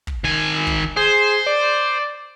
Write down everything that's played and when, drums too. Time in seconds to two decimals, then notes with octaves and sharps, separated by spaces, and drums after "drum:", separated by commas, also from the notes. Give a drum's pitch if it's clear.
0.07 drum: kick
0.24 D#3 G#5
0.67 drum: kick
0.97 G#4 C5
1.46 D5